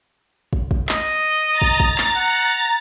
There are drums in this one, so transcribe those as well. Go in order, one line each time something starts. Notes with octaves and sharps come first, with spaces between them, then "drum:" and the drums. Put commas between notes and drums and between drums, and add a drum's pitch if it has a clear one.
drum: kick
drum: kick
D#5, drum: clap
A#5 A6
drum: kick
drum: kick
drum: clap
F#5